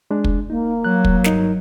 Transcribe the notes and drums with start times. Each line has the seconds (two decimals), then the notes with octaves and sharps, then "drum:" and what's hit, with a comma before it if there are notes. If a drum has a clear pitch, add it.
0.11 G#3 D4
0.24 drum: kick
0.50 A#3 D#4
0.84 F#3 F#6
1.05 drum: kick
1.24 G2 D#4 A#4, drum: snare